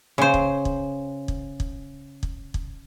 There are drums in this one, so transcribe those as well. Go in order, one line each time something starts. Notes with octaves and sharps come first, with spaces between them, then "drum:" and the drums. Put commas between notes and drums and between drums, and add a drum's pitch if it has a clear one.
C#3 C5
drum: kick
drum: kick
drum: kick
drum: kick
drum: kick
drum: kick